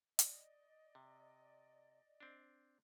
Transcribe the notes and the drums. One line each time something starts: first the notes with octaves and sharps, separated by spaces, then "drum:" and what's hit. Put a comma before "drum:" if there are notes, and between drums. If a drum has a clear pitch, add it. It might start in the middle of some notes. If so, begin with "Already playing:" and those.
D5 D#5, drum: hi-hat
C3
C4 D4